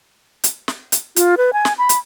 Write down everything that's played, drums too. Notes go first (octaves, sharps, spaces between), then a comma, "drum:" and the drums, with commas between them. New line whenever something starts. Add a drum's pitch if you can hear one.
drum: hi-hat
drum: snare
drum: hi-hat
F4, drum: hi-hat
B4
G#5
drum: snare
B5
drum: hi-hat